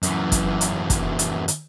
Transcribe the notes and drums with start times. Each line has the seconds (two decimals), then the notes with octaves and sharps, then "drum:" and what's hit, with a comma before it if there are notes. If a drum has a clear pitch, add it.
0.03 F#2 E3, drum: hi-hat
0.32 drum: kick, hi-hat
0.61 drum: hi-hat
0.90 drum: kick, hi-hat
1.19 drum: hi-hat
1.48 drum: hi-hat